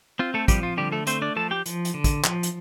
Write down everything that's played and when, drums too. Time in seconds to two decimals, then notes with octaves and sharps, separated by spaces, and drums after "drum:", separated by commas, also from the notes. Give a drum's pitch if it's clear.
0.19 C4 F4
0.34 A3 A4
0.48 F3 G3 G4, drum: kick, hi-hat
0.63 F4
0.77 D3 G3 G4
0.92 A3 A4
1.07 A3 C4 C5, drum: hi-hat
1.22 D4 D5
1.36 F3 A4 A5
1.51 G4 G5
1.66 F3, drum: hi-hat
1.85 drum: hi-hat
1.94 D3
2.04 drum: kick, hi-hat
2.24 F3, drum: clap
2.43 drum: hi-hat